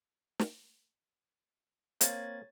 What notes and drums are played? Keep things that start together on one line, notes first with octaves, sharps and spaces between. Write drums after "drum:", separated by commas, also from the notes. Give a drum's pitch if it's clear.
drum: snare
A#3 C4 C#5 G#6 A6, drum: hi-hat